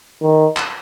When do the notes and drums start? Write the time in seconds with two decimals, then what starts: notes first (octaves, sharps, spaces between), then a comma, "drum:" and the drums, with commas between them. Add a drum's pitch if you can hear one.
0.22 D#3
0.57 drum: clap